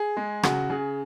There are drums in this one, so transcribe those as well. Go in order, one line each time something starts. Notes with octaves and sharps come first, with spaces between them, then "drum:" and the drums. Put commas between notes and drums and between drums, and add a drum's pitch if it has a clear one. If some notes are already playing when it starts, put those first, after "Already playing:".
Already playing: G#4
G#3
C#3 F#4, drum: rim click
C#3 G#4